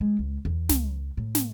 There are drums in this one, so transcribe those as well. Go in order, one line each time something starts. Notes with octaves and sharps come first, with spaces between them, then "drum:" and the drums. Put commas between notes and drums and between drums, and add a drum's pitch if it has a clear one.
G#3
C#2
E2
C#2, drum: snare
A2
drum: snare